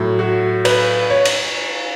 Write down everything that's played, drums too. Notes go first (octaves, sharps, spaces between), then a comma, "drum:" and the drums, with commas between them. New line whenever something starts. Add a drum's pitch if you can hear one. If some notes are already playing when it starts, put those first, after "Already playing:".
Already playing: A2 F#3
F#4
B4, drum: cymbal
C#5
drum: cymbal